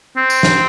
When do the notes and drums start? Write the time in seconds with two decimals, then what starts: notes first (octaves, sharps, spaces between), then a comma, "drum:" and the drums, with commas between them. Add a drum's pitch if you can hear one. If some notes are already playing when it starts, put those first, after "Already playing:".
0.17 C4
0.30 drum: tambourine
0.43 drum: snare